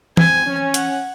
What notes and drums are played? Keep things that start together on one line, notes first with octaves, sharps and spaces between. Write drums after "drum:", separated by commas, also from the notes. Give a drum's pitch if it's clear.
C4 G#5, drum: tom E3
C#4
F#5, drum: hi-hat